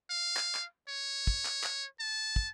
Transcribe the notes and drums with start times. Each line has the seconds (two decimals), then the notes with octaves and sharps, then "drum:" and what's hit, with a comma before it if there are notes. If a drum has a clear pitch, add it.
0.11 F5
0.37 drum: clap
0.55 drum: clap
0.88 C#5
1.27 drum: kick
1.45 drum: clap
1.64 drum: clap
2.00 A5
2.36 drum: kick